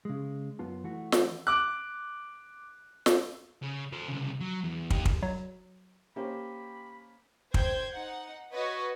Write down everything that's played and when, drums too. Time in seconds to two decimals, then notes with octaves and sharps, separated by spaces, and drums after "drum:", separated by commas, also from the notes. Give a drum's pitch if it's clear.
0.05 C#3 G#3
0.59 F#2 B3 F4 A5
0.84 E3 A3 F#4
1.12 drum: snare
1.47 D6 F#6
3.06 drum: snare
3.63 C#3
3.92 A4 C5
4.08 C2 C#3
4.40 F#3
4.64 E2
4.90 D#4 G4, drum: kick
5.05 drum: kick
5.23 F#3
6.16 A#3 C#4 G4 C5 B5
7.54 C5 G5 G6 G#6, drum: kick
7.92 D#4 F#5
8.52 F#4 B4 C#5 D#5